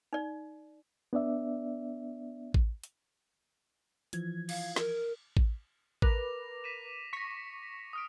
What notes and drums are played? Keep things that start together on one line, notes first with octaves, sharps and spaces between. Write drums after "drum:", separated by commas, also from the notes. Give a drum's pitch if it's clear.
D#4 D5
B3 D4 D5 E5
drum: kick A1
drum: hi-hat
E3 F3 G#6, drum: hi-hat
F5, drum: cymbal
A#4, drum: snare
drum: kick A1
A#4 B4 D6 A#6 F7, drum: kick A1
B6 D#7 E7
C#6 A#6 B6 C#7
D#6 F6 D7